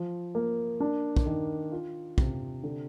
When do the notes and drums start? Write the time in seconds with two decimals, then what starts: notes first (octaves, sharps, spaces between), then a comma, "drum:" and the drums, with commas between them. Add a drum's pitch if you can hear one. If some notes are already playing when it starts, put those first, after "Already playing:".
Already playing: F3
0.35 A#3
0.80 D4
1.17 drum: kick
1.26 D#3
1.72 F4
2.18 C3, drum: kick
2.63 D3